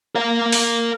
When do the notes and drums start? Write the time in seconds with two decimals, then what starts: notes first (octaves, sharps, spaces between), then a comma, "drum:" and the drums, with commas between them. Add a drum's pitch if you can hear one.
0.15 A#4 F5
0.52 drum: open hi-hat